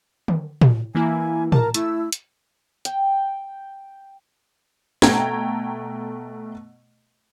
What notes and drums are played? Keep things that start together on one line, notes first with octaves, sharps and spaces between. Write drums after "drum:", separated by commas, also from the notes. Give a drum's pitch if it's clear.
drum: tom
drum: tom
E3 A#3 E4 G#5
A#4 A5 A#5, drum: tom
A3 E4 E6, drum: hi-hat
drum: hi-hat
G5, drum: hi-hat
B2 A3 G5 A#5 G#6, drum: snare